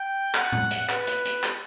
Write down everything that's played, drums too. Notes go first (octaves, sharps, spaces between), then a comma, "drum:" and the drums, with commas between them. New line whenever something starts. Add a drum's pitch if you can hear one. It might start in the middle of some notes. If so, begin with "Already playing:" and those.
Already playing: G5
F#5, drum: clap
drum: tom A2
drum: hi-hat
B4, drum: clap
drum: hi-hat
drum: hi-hat
drum: clap